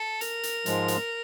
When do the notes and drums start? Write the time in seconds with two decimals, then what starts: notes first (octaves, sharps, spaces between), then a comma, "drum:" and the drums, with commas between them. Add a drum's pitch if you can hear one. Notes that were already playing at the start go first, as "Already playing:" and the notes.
Already playing: A4
0.21 A#4, drum: hi-hat
0.43 drum: hi-hat
0.66 G#2 F3 G#3, drum: hi-hat
0.88 drum: hi-hat